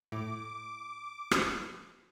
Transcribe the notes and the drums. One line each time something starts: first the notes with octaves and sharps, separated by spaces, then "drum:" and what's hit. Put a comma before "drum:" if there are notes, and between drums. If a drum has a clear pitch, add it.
A2 D6
drum: rim click